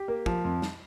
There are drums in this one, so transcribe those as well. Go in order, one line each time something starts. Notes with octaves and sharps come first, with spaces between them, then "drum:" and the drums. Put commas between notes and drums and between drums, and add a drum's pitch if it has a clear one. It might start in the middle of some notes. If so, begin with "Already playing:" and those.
Already playing: G4
A#3
F3, drum: kick
F2
drum: snare